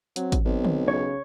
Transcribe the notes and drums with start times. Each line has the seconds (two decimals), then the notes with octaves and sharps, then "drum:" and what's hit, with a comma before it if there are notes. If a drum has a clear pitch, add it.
0.16 F#3 C4, drum: hi-hat
0.32 drum: kick G#1, hi-hat
0.45 B1 C4
0.64 drum: tom D3
0.88 C#3 C#5